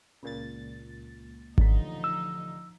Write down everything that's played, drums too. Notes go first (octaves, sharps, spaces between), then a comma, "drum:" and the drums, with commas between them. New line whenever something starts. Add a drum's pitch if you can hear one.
C#2 A#2 A6
A1 D3 F3 D#4 B6, drum: kick G#1
E6